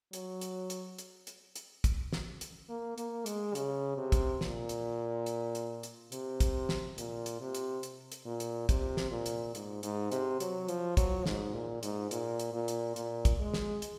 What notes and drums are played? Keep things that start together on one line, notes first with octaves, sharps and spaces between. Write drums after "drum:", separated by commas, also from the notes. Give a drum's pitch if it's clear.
F#3, drum: hi-hat
drum: hi-hat
drum: hi-hat
drum: hi-hat
drum: hi-hat
drum: hi-hat
drum: kick, hi-hat
drum: snare
drum: hi-hat
A#3
A#3, drum: hi-hat
G#3, drum: hi-hat
C#3, drum: hi-hat
C3
drum: kick, hi-hat
A#2, drum: snare
drum: hi-hat
drum: hi-hat
drum: hi-hat
drum: hi-hat
C3, drum: hi-hat
drum: kick, hi-hat
drum: snare
A#2, drum: hi-hat
drum: hi-hat
C3
drum: hi-hat
drum: hi-hat
drum: hi-hat
A#2
drum: hi-hat
C3, drum: kick, hi-hat
drum: snare
A#2
drum: hi-hat
G#2, drum: hi-hat
G#2, drum: hi-hat
C3, drum: hi-hat
F#3, drum: hi-hat
F3, drum: hi-hat
F#3, drum: kick, hi-hat
G#2, drum: snare
A#2
G#2, drum: hi-hat
A#2, drum: hi-hat
drum: hi-hat
A#2
drum: hi-hat
A#2, drum: hi-hat
drum: kick, hi-hat
G#3
drum: snare
drum: hi-hat